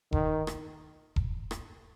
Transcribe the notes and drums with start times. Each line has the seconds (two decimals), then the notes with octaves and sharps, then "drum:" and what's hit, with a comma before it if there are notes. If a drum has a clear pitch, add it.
0.12 D#3, drum: kick E1
0.47 drum: rim click
1.16 drum: kick E1
1.51 drum: rim click